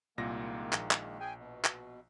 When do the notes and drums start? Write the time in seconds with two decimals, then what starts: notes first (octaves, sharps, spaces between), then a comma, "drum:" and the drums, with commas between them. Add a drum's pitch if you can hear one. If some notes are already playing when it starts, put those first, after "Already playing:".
0.18 C2 A#2 D#3 G#3 A#3 A#6
0.73 A#1, drum: clap
0.91 drum: clap
1.20 G#4 G5 G#5
1.37 B2
1.64 drum: clap